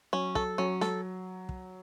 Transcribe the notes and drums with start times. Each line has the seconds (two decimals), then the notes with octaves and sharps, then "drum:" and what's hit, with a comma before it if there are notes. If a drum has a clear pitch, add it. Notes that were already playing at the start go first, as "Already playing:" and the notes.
0.13 F#3 C#4
0.35 A4, drum: kick
0.58 F#3 C#4
0.81 A4, drum: snare
1.49 drum: kick